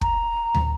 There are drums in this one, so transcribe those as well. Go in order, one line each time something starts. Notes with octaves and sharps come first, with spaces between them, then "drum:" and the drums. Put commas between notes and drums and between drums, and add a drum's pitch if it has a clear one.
A#5, drum: kick
drum: tom